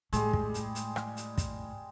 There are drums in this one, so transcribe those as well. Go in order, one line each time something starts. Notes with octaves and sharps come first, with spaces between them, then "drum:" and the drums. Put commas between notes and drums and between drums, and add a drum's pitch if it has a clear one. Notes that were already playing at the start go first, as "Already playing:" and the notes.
A2 G3 G#3, drum: hi-hat
drum: kick
drum: hi-hat
drum: hi-hat
drum: rim click
drum: hi-hat
drum: kick, hi-hat